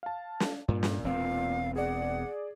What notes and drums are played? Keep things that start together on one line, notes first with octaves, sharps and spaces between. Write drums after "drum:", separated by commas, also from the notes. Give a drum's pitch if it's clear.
F5 A5
drum: snare
G2 A#2
drum: snare
E1 C4 F5
G#4 D5 F#5